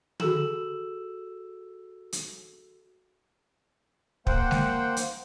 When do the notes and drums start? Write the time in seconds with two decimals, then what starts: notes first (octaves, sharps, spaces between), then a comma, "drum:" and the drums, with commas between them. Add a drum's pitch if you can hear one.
0.20 F#4 G#4 A4 E6 E7 F#7, drum: tom D3
2.13 drum: hi-hat
4.27 A#3 C5 F#5 G5, drum: kick
4.51 drum: snare G#3
4.97 drum: hi-hat